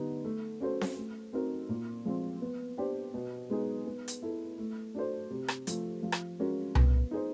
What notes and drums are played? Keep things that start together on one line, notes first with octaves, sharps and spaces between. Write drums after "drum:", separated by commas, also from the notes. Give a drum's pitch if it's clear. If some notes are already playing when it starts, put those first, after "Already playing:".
Already playing: D3 G3 B3 D#4
A3
C#4 F#4 A4 C5
drum: snare C4
A3
C4 D#4 F#4 A#4
A#2
F3 G#3 C4
B3
D4 G4 C5
B2
G#3 B3 D#4 G#4
B3
drum: hi-hat
E4 A4
A3
D4 F#4 A4 C5
C3
drum: rim click
F3 A3, drum: hi-hat
F3
drum: rim click
G#3 C#4 F#4 A#4
B3, drum: tom C2
D#4 G#4 C5